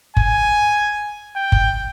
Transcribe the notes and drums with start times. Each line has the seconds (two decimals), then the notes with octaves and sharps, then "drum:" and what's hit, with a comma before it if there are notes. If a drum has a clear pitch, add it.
0.17 G#5, drum: kick F#1
1.36 G5
1.52 drum: kick F#1